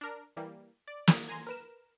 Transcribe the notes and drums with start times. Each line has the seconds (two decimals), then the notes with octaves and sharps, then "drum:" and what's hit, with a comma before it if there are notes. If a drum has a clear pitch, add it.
0.01 D4 A#4
0.37 E3 G3 A#3
0.87 D5
1.07 drum: snare
1.28 G#5 A#5 C6
1.47 A#4 B4 E7